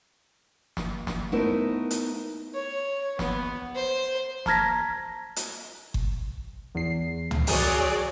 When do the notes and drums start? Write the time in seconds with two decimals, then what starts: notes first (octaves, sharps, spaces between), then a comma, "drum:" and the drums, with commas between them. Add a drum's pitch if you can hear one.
0.77 drum: snare
1.07 drum: snare
1.32 A3 B3 D#4 E4 A#4 C5
1.91 drum: hi-hat
2.55 C#5
3.19 B3, drum: snare
3.76 C5
4.46 A5 A#5 F6 G#6 A#6 B6, drum: snare
5.36 drum: hi-hat
5.94 drum: kick G1
6.75 E2 C7
7.31 drum: tom
7.47 F#3 G#4 C#5 D5, drum: open hi-hat